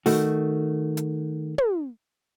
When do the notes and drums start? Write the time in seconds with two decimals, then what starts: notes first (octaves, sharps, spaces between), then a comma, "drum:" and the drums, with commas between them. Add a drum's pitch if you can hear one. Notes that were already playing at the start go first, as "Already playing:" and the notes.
0.06 D#3 A3 F#4, drum: open hi-hat
0.97 drum: hi-hat
1.58 drum: tom